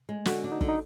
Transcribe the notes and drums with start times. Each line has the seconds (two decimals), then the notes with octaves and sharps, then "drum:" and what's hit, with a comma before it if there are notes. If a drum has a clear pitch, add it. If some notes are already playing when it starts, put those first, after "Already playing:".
0.09 G#3
0.25 D3 F#4, drum: snare
0.44 D4
0.52 D#4
0.61 D3, drum: kick
0.69 D#4